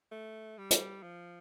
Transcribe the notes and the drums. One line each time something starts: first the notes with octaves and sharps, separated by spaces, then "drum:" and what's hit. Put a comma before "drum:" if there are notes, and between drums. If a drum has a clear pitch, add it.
A3
G3
drum: hi-hat
F3